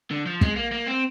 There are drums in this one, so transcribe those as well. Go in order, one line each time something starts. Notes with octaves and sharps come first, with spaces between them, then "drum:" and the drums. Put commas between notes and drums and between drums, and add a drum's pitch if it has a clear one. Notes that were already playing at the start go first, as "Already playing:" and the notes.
D3
F3
G#3, drum: kick
A#3
A#3
C4